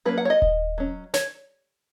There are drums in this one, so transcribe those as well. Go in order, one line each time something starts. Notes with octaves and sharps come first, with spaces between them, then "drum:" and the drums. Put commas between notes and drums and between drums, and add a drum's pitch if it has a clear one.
F#3 A#3 C#4 B4
F#5
C#5
D#5
drum: kick D#1
F#3 C#4
C#5, drum: snare